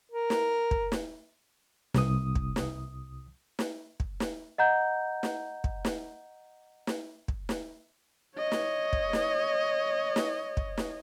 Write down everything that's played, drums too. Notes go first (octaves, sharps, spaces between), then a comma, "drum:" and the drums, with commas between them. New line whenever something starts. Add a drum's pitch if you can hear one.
A#4
drum: snare
drum: kick
drum: snare
C2 D#6, drum: snare
drum: kick
drum: snare
drum: snare
drum: kick
drum: snare
D#5 F#5 A#5 G6
drum: snare
drum: kick
drum: snare
drum: snare
drum: kick
drum: snare
C#5 D#5
drum: snare
drum: kick
drum: snare
drum: snare
drum: kick
drum: snare